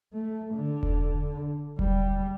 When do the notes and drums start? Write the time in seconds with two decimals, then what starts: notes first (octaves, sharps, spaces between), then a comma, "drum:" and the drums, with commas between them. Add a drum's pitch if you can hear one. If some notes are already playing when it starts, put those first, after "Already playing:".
0.14 A3
0.54 D3
0.83 drum: kick E1
1.79 G3, drum: kick E1